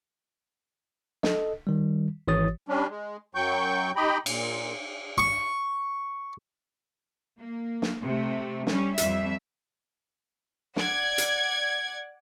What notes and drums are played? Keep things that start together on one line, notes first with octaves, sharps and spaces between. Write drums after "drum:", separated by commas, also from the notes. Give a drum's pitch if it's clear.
A4 D#5, drum: snare
D#3 G3
G#1 E3 C#5 D#6 A6
G3 C#4 D4
G#3
F#2 F#3 G5 C#6 G6
D#4 G4 D#5 G5 B5
A#2, drum: cymbal
C#6
A#3
drum: snare
C3 A3
G3 C#4, drum: snare
F2 G3 E5, drum: hi-hat
D5 F#5 G#6, drum: snare
drum: hi-hat